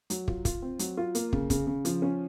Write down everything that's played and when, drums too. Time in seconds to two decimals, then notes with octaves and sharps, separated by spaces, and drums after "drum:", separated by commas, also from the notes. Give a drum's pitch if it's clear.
0.10 F#3, drum: hi-hat
0.28 F4, drum: kick
0.45 F4, drum: kick, hi-hat
0.62 C4
0.79 F#3, drum: hi-hat
0.97 F4
1.15 A#3, drum: hi-hat
1.33 C#3, drum: kick
1.50 C#3, drum: kick, hi-hat
1.67 C#3
1.85 F3, drum: hi-hat
2.02 C#4